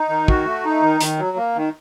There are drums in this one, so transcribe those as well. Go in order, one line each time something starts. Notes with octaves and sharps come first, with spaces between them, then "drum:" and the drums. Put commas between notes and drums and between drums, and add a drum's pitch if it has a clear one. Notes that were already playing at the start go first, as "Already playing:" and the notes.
Already playing: D#4
D#3
F#4, drum: kick
A3
D#4
D#3
D#3, drum: hi-hat
F#3
A#3
D#3